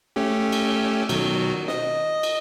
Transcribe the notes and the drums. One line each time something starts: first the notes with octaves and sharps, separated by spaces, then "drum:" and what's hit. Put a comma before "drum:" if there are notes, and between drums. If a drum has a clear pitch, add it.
A3 C#4 G4
drum: cymbal
B2 D#3 F#3, drum: cymbal
D#5, drum: snare
drum: cymbal